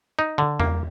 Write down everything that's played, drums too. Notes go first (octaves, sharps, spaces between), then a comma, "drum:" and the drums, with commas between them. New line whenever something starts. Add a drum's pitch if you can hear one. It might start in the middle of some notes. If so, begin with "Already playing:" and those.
D#4
D3
A#3, drum: tom E2